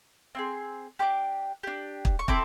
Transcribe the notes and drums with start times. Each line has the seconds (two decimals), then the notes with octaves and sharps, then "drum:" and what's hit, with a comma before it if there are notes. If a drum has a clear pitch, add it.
0.35 C4 E4 G#4
0.99 D4 G4 D6
1.63 D4 G4
2.05 drum: kick
2.19 C#6
2.28 C4 E4 A4 D6, drum: kick